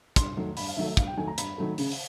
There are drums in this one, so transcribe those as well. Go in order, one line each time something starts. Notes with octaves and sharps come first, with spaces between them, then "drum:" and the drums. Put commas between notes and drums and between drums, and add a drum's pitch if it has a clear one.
G2 C6, drum: kick, hi-hat
D#3 F#3 A3
G2 B5, drum: open hi-hat
F5
D#3 F#3 A3 E5
E5
G2 F5, drum: kick, hi-hat
G5
D#3 F#3 A3 G#5
A#5
G2 B5, drum: hi-hat
D#3 F#3 A3
C#3, drum: open hi-hat
drum: open hi-hat